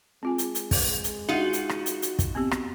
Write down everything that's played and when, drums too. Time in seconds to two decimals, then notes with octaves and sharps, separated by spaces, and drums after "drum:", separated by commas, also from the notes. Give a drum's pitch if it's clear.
0.23 G#3 C4 F4 G#5
0.38 drum: hi-hat
0.55 drum: hi-hat
0.71 drum: kick, open hi-hat
1.04 drum: hi-hat
1.29 D#4 F4 F#4 F#5
1.53 drum: hi-hat
1.69 drum: rim click
1.86 drum: hi-hat
2.02 drum: hi-hat
2.19 drum: kick, hi-hat
2.35 B3 C4 G4
2.51 drum: rim click